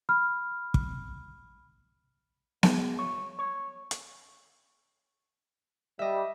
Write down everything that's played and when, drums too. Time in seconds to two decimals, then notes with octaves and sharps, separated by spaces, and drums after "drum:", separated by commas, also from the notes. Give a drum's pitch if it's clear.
0.09 B5 F6
0.74 drum: kick
2.63 G#3, drum: snare B3
2.99 C#5
3.39 C#5
3.91 drum: hi-hat
5.99 G3 D#5 E5